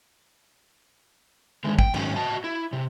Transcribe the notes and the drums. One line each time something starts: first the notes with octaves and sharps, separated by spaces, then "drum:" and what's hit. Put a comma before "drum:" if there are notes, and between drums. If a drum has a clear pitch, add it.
D3 D#3 G#3
G5, drum: kick
G#2 D#3 F#3 C#4, drum: cymbal
F#4 D#5 A5
E4
C3